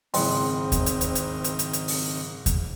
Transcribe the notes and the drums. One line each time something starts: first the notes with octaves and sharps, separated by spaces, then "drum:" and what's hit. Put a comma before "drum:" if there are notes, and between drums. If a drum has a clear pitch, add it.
F#1 G#2 D#3 C4 E4 G5 C6, drum: open hi-hat
drum: kick D#2, hi-hat
drum: hi-hat
drum: hi-hat
drum: hi-hat
drum: hi-hat
drum: hi-hat
drum: hi-hat
drum: open hi-hat
drum: kick D#2, hi-hat